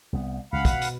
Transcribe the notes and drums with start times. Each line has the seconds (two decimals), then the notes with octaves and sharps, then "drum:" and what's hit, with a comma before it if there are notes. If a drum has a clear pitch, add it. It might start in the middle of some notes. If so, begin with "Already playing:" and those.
0.13 C2 B3
0.53 C#2 F5 F#5 B5
0.65 B2, drum: kick, hi-hat
0.82 drum: hi-hat